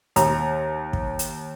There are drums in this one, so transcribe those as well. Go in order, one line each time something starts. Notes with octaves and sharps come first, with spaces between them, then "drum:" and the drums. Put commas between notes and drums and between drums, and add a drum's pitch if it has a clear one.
D#2 A#5, drum: hi-hat
drum: kick
drum: hi-hat